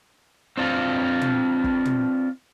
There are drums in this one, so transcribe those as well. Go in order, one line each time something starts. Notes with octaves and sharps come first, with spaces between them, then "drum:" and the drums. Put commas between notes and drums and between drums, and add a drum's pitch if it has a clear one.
C4 D4 F4
drum: tom
drum: kick
drum: tom